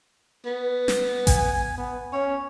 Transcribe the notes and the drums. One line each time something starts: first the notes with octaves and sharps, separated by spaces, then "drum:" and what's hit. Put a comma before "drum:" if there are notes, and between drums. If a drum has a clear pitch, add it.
B3
drum: snare
G#5, drum: kick A1, hi-hat
B3
C#4 C#5